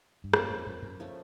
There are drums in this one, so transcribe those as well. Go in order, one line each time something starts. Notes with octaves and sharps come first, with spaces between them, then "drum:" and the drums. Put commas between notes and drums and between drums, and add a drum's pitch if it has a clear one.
G2
F#2 F3 A#3 C#4 F4, drum: rim click
F2
F2
F#2
F3 A3 C#4